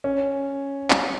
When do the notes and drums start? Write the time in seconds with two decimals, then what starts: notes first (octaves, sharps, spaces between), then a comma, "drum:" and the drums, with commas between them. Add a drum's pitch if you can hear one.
0.04 C#4
0.90 drum: clap